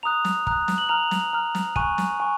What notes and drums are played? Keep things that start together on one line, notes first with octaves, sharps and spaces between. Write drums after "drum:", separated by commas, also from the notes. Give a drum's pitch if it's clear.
A#5 D#6 F#6 F7
drum: snare
A#5 D#6 F#6, drum: kick
drum: snare
F#7
A#5 F6 F7
drum: snare
A#5 F6
drum: snare
G#5 C#6 F#6 D#7, drum: kick
drum: snare
G#5 C#6